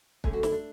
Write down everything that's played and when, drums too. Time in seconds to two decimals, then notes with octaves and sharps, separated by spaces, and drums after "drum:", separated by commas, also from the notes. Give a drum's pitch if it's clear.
0.24 D2 D3 A3 C#4 G#4, drum: kick
0.33 F#4
0.43 E4, drum: snare
0.52 D4